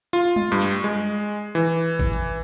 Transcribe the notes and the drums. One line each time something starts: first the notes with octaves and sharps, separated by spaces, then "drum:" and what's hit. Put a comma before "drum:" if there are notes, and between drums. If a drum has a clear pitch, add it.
F4
drum: tom G3
G2
drum: snare
G#3
E3
drum: kick A1
drum: hi-hat